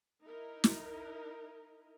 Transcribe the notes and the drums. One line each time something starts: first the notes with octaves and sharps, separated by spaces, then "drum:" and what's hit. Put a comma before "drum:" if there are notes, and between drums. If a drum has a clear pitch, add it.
D#4 E4 A#4
drum: snare